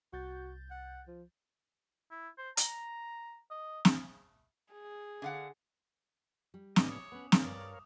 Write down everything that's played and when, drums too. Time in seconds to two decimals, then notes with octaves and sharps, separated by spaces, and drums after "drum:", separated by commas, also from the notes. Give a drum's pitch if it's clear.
0.13 C2 F#4 G6 A6
0.70 F#5
1.07 F3
2.11 E4
2.38 C5
2.57 A#5, drum: hi-hat
3.51 D#5
3.85 drum: snare
4.73 G#4
5.22 D3 F5 F#5
6.54 G3
6.76 A2 B3 D4 D#5 D6 D#6, drum: snare
6.91 C#5
7.12 B3 C#4 B4 F#5
7.32 A#4 C#5 F5, drum: snare
7.44 G2 D5